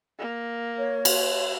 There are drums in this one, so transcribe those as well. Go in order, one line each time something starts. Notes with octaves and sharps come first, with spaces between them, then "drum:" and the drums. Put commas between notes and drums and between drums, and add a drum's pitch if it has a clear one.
A#3
C#5
drum: cymbal